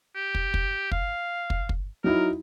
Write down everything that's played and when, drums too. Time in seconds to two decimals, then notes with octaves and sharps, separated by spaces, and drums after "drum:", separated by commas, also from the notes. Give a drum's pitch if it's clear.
0.15 G4
0.35 drum: kick
0.54 drum: kick
0.92 F5, drum: kick
1.50 drum: kick
1.69 drum: kick
2.04 F#3 D#4 E4 A#4